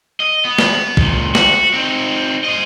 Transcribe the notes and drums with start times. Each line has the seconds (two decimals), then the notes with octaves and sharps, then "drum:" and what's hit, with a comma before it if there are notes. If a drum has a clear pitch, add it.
0.20 D#5
0.45 B3
0.59 drum: snare
0.97 C#2 A#2, drum: kick A#1
1.35 F#4, drum: snare
1.74 C4 D#4
2.44 C5 D#5